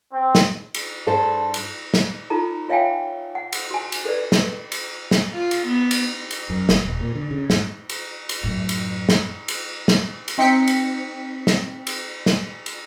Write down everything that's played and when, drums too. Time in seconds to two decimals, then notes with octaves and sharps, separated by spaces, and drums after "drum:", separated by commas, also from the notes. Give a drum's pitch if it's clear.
0.12 C4
0.35 drum: snare
0.74 drum: cymbal
1.07 G2 G#4 A4 C5
1.54 drum: cymbal
1.94 drum: snare
2.30 D#4 F4 A4 A#5
2.69 F4 C#5 E5 F5 G5 G#5
3.35 F#5
3.52 drum: cymbal
3.71 F#4 G#5
3.92 drum: cymbal
4.05 A4 B4 D5
4.32 drum: snare
4.72 drum: cymbal
5.11 drum: snare
5.33 F4
5.51 drum: cymbal
5.66 B3
5.91 drum: cymbal
6.31 drum: cymbal
6.50 F#2
6.69 F#1, drum: snare
6.85 D#1
7.01 A#2
7.15 D3
7.31 C#3
7.50 G#2, drum: snare
7.89 drum: cymbal
8.29 drum: cymbal
8.43 F#2 A2
8.69 drum: cymbal
9.09 drum: snare
9.48 drum: cymbal
9.88 drum: snare
10.28 drum: cymbal
10.38 C4 D#4 G5 B6 C#7
10.67 drum: cymbal
11.47 drum: snare
11.87 drum: cymbal
12.26 drum: snare
12.66 drum: cymbal